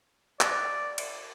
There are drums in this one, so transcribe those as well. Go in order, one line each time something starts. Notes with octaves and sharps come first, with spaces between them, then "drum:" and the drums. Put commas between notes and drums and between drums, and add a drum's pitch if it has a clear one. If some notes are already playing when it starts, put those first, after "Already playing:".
D5, drum: clap
drum: cymbal